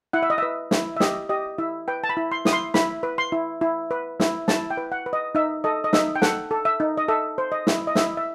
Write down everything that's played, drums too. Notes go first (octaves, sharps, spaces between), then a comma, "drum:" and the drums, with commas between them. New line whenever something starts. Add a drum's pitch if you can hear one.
E4 F#5
E5
D#5
B4 E5
E4, drum: snare
E5
G4 D#5, drum: snare
G4 D#5
E4 E5
B4 G5
A5
B5
E4
C6
E4 D#6, drum: snare
C6
E4 B5, drum: snare
B4
C6
E4
E4
B4
E4, drum: snare
E4 A5, drum: snare
G5
B4
F#5
B4
D#5
D#4 E5
A4 D#5
D#5
D#4 E5, drum: snare
G5
A4 F#5, drum: snare
A4
E5
D#4
D#5
A4 E5
C5
D#5
E4, drum: snare
D#5
E4 E5, drum: snare
E5